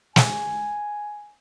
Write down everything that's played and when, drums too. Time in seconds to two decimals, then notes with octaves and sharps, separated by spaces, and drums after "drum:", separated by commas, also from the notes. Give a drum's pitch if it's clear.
0.16 G#5, drum: snare